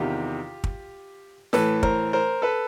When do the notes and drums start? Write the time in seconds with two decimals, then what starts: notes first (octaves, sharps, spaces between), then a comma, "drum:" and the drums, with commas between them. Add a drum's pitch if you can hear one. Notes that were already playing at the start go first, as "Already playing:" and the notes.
Already playing: E2 C3 D#3 F4 G4
0.64 drum: kick
1.53 A2 E3 A4 B4, drum: snare
1.83 A#4 C5, drum: kick
2.13 A#4 C5
2.42 A4 B4